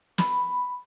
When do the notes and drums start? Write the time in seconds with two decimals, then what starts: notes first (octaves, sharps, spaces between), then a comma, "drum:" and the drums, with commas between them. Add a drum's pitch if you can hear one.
0.18 B5, drum: snare